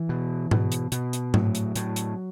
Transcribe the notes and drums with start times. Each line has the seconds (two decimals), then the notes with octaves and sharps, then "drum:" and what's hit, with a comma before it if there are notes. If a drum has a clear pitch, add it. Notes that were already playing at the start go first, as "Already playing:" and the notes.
Already playing: E3
0.09 B2
0.51 B2, drum: tom G#2
0.72 drum: hi-hat
0.92 B2, drum: hi-hat
1.13 drum: hi-hat
1.34 A2 F#3, drum: tom G#2
1.55 drum: hi-hat
1.76 A2, drum: hi-hat
1.96 drum: hi-hat